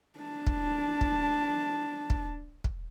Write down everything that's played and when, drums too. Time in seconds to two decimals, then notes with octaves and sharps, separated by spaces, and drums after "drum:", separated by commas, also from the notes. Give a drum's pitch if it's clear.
0.19 D4 A5
0.47 drum: kick
1.01 drum: kick
2.10 drum: kick
2.64 drum: kick